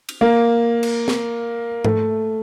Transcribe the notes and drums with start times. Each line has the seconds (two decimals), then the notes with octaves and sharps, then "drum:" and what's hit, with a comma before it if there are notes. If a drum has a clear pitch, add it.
0.09 drum: cymbal
0.21 A#3
0.83 drum: cymbal
1.08 drum: snare
1.85 A3, drum: tom G#2